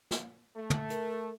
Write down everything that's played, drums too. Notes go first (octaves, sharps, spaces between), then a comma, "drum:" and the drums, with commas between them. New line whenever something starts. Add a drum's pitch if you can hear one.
drum: snare
A3
drum: tom
A#4, drum: hi-hat